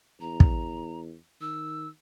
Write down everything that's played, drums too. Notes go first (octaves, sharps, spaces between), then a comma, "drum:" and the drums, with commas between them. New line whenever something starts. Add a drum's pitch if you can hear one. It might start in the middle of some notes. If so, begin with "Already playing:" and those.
E2 A#5
drum: kick
D#3 E6